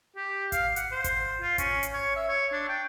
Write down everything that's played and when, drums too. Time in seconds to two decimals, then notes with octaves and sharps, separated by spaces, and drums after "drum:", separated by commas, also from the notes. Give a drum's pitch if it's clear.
0.16 G4
0.52 F5, drum: kick G#1, hi-hat
0.76 F#5, drum: hi-hat
0.92 C5
1.04 drum: kick G#1, hi-hat
1.41 F4
1.58 C#4, drum: kick G#1, hi-hat
1.83 drum: hi-hat
1.93 C#5
2.16 E5
2.29 C#5
2.52 D4
2.69 G5